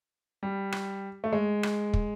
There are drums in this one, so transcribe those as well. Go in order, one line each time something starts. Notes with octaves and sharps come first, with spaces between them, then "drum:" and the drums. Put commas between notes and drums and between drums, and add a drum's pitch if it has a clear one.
G3
drum: rim click
A3
G#3
drum: rim click
drum: kick